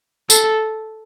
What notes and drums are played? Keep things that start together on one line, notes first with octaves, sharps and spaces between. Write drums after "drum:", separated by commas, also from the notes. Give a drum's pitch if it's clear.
A4, drum: tambourine